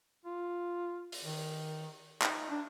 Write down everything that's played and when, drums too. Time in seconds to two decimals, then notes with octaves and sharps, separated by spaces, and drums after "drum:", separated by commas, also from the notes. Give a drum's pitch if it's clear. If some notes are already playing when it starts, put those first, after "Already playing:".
0.25 F4
1.12 drum: open hi-hat
1.24 D#3
2.22 D#4, drum: clap
2.50 D4